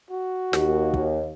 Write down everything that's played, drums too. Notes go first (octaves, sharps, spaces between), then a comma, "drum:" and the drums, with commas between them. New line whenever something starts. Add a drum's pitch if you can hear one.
F#4
D#2, drum: snare
drum: kick